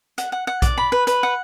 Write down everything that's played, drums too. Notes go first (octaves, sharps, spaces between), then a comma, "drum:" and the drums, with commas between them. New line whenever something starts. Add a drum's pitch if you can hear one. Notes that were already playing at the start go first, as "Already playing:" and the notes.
F#5, drum: hi-hat
F#5
F#5
D5, drum: kick A#1, hi-hat
B5
B4
B4, drum: hi-hat
F#5